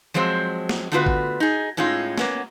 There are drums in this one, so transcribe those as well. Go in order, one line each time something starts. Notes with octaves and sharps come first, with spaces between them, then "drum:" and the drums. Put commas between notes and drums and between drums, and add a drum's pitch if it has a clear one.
F3 F#3 G#3 C4 C5
drum: snare
D3 A3 B3 F4 F#4 B4
drum: kick G#1
D#4 G#4
A2 G#3 C#4 D#4 F4
A#3 B3 C#4, drum: snare